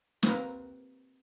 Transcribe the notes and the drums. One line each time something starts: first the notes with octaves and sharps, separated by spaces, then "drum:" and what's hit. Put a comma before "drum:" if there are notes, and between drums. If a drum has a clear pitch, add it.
A#3 C4 A#4 B4, drum: snare